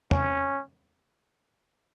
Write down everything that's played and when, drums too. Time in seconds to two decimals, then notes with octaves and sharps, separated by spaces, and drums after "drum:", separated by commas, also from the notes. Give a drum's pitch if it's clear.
0.11 C#4, drum: tom